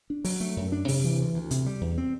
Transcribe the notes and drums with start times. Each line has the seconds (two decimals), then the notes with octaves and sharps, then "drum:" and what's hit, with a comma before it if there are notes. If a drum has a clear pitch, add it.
0.10 D4
0.25 F#3, drum: open hi-hat
0.41 A3
0.57 F#2
0.72 D4
0.88 C3, drum: open hi-hat
1.04 E3
1.19 D2
1.34 D2
1.51 C3, drum: hi-hat
1.66 G3
1.81 E2
1.98 C4